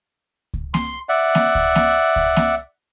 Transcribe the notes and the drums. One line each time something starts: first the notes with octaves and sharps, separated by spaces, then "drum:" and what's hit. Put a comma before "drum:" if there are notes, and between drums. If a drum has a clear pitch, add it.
drum: kick C#2
C6, drum: snare A#3
D5 E5 F#5
drum: snare A#3
drum: kick C#2
drum: snare A#3
drum: kick C#2
drum: snare A#3